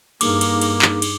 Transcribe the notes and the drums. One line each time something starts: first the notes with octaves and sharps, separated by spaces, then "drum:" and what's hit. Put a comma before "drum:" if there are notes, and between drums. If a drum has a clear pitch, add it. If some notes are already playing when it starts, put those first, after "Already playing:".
G2 A#3 D4 D#4 G#4 D6, drum: cymbal
drum: cymbal
drum: cymbal
drum: clap
drum: cymbal